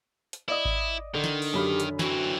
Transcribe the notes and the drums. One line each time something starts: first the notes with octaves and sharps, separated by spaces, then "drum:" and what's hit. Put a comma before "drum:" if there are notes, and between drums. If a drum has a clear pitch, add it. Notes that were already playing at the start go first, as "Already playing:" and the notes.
drum: hi-hat
E4 D5 D#5 D#6
drum: kick G#1
D3 D#3
drum: snare
drum: open hi-hat
F#2 G4 B5 F6
drum: hi-hat
E3 C4 F#4, drum: snare